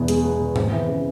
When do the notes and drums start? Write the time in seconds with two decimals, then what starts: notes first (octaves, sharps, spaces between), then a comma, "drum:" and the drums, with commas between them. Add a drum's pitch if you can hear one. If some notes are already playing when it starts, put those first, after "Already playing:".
Already playing: E2 B2 B3
0.08 G#3, drum: hi-hat
0.24 B3
0.40 B2
0.56 C4, drum: tom G#2
0.72 E3
0.88 C#3